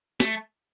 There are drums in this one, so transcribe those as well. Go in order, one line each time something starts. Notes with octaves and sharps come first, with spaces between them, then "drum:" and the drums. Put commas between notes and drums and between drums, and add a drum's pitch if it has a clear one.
A3, drum: snare